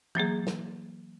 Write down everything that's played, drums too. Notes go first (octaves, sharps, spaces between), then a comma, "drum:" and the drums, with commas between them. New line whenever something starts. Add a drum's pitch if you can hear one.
E3 F#3 A#3 G#4, drum: tom
drum: snare